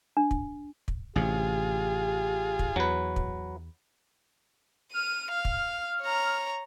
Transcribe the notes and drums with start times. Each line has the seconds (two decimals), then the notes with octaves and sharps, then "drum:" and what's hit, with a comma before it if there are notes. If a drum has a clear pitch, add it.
0.17 D4
0.31 drum: kick
0.88 drum: kick
1.16 A1 C3 F4 G4 G#4
2.59 drum: kick
2.76 E2 F#3 B4
3.16 drum: kick
4.93 F6 D#7
5.31 F5
5.45 drum: kick
6.02 C#5 A#5